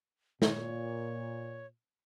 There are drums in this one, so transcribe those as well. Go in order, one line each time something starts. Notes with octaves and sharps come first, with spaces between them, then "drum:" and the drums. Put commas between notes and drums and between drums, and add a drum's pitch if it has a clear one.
A#2 C#5, drum: snare